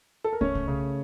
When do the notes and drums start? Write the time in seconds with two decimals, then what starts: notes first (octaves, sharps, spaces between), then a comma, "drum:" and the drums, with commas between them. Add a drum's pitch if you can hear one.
0.24 A4
0.33 A#4
0.41 A3 C#4 C#5, drum: kick
0.55 drum: kick
0.68 C#3